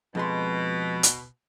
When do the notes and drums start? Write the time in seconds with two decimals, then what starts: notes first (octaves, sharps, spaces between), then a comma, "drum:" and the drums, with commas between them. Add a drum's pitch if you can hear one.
0.15 F2 B2 G#3 C6
1.03 drum: hi-hat